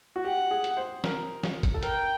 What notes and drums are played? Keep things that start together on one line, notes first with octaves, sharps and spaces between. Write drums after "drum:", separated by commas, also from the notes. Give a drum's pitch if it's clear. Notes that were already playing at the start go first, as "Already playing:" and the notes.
F#4
G4 F#5
G#4
drum: hi-hat
C5
A#4, drum: snare
drum: snare
drum: kick, hi-hat
A4
A#4 G5, drum: hi-hat